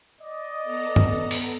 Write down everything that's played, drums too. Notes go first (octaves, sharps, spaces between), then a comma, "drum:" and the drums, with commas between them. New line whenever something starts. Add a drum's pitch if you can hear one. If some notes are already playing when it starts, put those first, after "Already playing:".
D5 D#5
B3 A4 A#5
drum: tom G2
drum: open hi-hat